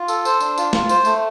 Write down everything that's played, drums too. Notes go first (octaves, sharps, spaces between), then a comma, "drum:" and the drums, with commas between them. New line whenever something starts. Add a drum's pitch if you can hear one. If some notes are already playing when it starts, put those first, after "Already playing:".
Already playing: F4
A4, drum: tambourine
C5, drum: tambourine
D4, drum: tambourine
F4, drum: tambourine
F4, drum: snare
C5, drum: tambourine
A3, drum: tambourine